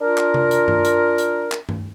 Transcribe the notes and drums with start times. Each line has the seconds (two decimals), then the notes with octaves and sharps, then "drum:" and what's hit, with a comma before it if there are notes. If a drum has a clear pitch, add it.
0.01 D4 F4 A#4
0.18 drum: clap
0.34 drum: tom C3
0.51 drum: hi-hat
0.68 drum: tom G2
0.85 drum: hi-hat
1.18 drum: hi-hat
1.52 drum: clap
1.69 drum: tom G2